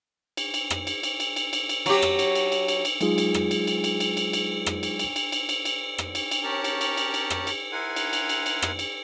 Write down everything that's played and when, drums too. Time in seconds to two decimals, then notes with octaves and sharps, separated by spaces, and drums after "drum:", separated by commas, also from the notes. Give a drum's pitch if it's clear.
0.37 drum: cymbal
0.54 drum: cymbal
0.70 drum: rim click
0.87 drum: cymbal
1.03 drum: cymbal
1.20 drum: cymbal
1.36 drum: cymbal
1.53 drum: cymbal
1.69 drum: cymbal
1.86 F#3 G4, drum: cymbal
2.02 drum: rim click
2.19 drum: cymbal
2.35 drum: cymbal
2.52 drum: cymbal
2.68 drum: cymbal
2.85 drum: cymbal
3.01 F#3 G#3 D#4 F4 G#4, drum: cymbal
3.18 drum: cymbal
3.34 drum: rim click
3.51 drum: cymbal
3.67 drum: cymbal
3.84 drum: cymbal
4.00 drum: cymbal
4.17 drum: cymbal
4.33 drum: cymbal
4.66 drum: rim click
4.83 drum: cymbal
4.99 drum: cymbal
5.16 drum: cymbal
5.32 drum: cymbal
5.49 drum: cymbal
5.65 drum: cymbal
5.98 drum: rim click
6.15 drum: cymbal
6.31 drum: cymbal
6.43 C#4 G4 A#4 C#5 A5
6.64 drum: cymbal
6.81 drum: cymbal
6.97 drum: cymbal
7.14 drum: cymbal
7.30 drum: rim click
7.47 drum: cymbal
7.72 E4 A#4 F#5 G#5 C6
7.96 drum: cymbal
8.13 drum: cymbal
8.29 drum: cymbal
8.46 drum: cymbal
8.62 drum: rim click
8.79 drum: cymbal